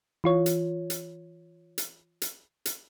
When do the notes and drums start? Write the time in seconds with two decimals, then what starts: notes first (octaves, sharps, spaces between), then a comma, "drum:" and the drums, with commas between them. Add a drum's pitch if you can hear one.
0.24 E3 F4 C#5
0.46 drum: hi-hat
0.90 drum: hi-hat
1.78 drum: hi-hat
2.22 drum: hi-hat
2.65 drum: hi-hat